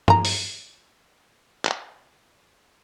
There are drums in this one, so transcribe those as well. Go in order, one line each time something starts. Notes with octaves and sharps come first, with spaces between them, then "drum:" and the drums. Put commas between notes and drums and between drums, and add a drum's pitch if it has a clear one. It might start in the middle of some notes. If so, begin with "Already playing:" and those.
G#5 A#5, drum: tom G2
drum: open hi-hat
drum: clap